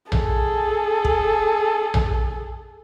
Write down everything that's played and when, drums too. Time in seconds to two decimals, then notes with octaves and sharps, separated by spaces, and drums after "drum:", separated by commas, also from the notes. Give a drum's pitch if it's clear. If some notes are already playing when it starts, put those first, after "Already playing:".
0.12 G#4 A4, drum: tom A#1
1.05 drum: kick
1.94 drum: tom A#1